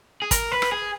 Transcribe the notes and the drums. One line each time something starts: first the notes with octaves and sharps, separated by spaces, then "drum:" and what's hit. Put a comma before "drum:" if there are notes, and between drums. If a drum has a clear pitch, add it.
G#4
A#4, drum: kick, hi-hat
B4
drum: rim click
G#4